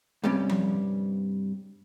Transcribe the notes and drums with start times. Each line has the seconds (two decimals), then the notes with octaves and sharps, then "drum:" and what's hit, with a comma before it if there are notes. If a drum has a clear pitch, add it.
0.24 G2 C3 G3 C#4
0.49 drum: tom F3